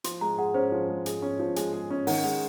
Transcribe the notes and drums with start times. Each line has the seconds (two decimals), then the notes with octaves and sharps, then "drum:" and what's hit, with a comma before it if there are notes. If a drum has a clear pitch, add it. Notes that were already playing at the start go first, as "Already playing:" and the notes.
0.04 F3 C6, drum: hi-hat
0.21 G#3 A#5
0.38 G#4 F#5
0.54 C#4 C5
0.72 F3
0.89 G#3
1.06 G#4, drum: hi-hat
1.22 C#4
1.39 F3
1.56 G#3 G#5, drum: hi-hat
1.73 G#4
1.90 C#4
2.07 D#3 F#5, drum: open hi-hat
2.24 G#3 F#5